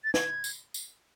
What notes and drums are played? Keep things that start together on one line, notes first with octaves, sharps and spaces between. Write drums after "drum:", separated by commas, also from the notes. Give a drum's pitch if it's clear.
A6
G#6, drum: snare
drum: tambourine
drum: tambourine